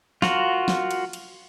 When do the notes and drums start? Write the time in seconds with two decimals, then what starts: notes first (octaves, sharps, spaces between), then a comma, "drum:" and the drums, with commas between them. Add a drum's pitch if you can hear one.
0.22 F4 F#4 A#4, drum: snare
0.68 drum: snare
0.91 drum: cymbal
1.13 drum: cymbal